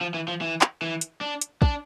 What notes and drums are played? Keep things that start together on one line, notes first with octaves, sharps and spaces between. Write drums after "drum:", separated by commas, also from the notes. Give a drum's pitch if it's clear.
F3
E3
F3
E3
drum: clap
E3
drum: hi-hat
D4
drum: hi-hat
D4, drum: kick